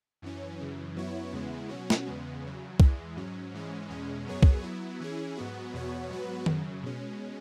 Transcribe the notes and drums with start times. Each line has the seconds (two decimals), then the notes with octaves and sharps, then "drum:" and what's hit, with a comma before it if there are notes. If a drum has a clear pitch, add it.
0.22 F#2 E3 C#4
0.60 F#2 C#3 E3
0.96 F#2 F#3 B3 E4 C#5
1.33 E2 C#3 G#3 B3 E4
1.69 B2 F#3 C#4 F#4
1.90 drum: snare
2.06 E2 C#3 G#3 B3
2.43 E2 C#3 F#3
2.80 E2 E3 G#3, drum: kick
3.16 G#2 F#3 C#4
3.54 G#2 E3 G#3 C#4
3.89 E2 B2 G#3 C#4
4.27 F#2 F#3 B3 G#4 C#5
4.43 drum: kick
4.63 F#3 B3 E4
5.00 E3 C#4 E4 G#4
5.37 G#2 F#3 B3 F#4
5.74 E2 B2 B3 F#4 C#5
6.11 G#2 F#3 B3 F#4 B4
6.46 F#2 C#3 F#3, drum: tom D#3
6.83 B2 G#3 C#4